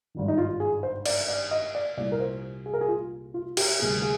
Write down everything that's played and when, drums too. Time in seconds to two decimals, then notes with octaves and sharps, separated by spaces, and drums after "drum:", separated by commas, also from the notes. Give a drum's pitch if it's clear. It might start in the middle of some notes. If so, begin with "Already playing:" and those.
0.14 G#1 G2 D#3
0.28 D#4
0.38 F4
0.60 G#4
0.83 C5
1.06 D5, drum: cymbal
1.28 D5
1.51 D#5
1.75 D5
1.97 C2 A#2 G3 A#3 D5
2.12 A#4
2.20 C5
2.66 G#4
2.74 A#4
2.81 G#4
2.88 F4
3.34 F4
3.57 G4, drum: cymbal
3.80 D2 C3 G3 A#3 G#4
4.02 G#4